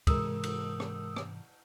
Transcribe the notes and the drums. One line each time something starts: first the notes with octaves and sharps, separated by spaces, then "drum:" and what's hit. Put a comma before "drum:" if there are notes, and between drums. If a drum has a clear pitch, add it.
G#2 C3 E3 G#3 A#4 D#6 E6, drum: kick, cymbal
drum: cymbal
drum: rim click
drum: rim click